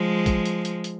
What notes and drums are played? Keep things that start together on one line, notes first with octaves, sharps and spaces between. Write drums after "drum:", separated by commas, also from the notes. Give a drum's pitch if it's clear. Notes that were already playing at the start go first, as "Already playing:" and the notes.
Already playing: F3 G#3
drum: kick, hi-hat
drum: hi-hat
drum: hi-hat
drum: hi-hat